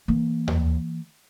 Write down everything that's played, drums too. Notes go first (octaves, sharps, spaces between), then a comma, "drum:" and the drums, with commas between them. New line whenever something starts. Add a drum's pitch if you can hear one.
E3 A#3
drum: tom D#2